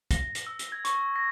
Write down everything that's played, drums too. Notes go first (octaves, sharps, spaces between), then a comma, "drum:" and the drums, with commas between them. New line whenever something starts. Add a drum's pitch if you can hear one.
A#6, drum: kick, hi-hat
drum: hi-hat
E6
drum: hi-hat
G#6
C#6, drum: hi-hat
A#6